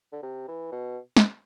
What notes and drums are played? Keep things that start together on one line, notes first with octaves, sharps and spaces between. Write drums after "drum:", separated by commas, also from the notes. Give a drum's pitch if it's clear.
D3
C3
E3
B2
drum: snare